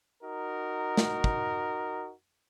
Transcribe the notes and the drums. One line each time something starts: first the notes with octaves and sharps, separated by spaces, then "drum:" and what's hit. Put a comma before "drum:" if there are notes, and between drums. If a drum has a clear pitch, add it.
D#4 F#4 A#4
drum: snare
drum: kick